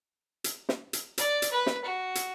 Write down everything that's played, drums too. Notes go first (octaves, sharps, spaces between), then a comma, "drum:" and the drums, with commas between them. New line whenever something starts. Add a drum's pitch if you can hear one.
drum: hi-hat
drum: snare
drum: hi-hat
D5, drum: hi-hat
drum: hi-hat
B4
drum: snare
F#4
drum: hi-hat